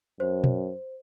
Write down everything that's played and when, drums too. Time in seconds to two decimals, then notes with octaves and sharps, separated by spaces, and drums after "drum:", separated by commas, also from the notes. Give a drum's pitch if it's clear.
0.20 F#2 C5
0.44 drum: tom